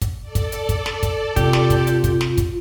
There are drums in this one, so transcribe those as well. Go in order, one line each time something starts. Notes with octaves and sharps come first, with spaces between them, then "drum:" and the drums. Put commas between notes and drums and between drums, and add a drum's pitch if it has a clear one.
drum: kick, hi-hat
A4 D5
drum: kick, hi-hat
drum: hi-hat
drum: kick, hi-hat
drum: snare
drum: kick, hi-hat
C3 F4 G4, drum: kick, hi-hat
drum: snare
drum: kick, hi-hat
drum: hi-hat
drum: kick, hi-hat
drum: snare
drum: kick, hi-hat